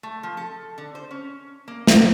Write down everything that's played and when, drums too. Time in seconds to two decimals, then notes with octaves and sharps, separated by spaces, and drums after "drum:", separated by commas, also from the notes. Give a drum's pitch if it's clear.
0.03 A3
0.23 F3
0.37 A4
0.78 D3
0.95 C5
1.11 C#4
1.68 A#3
1.87 F#4, drum: snare